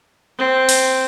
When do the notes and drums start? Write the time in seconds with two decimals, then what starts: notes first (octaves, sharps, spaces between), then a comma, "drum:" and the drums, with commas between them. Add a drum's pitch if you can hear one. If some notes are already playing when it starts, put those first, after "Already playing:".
0.39 C4
0.69 drum: open hi-hat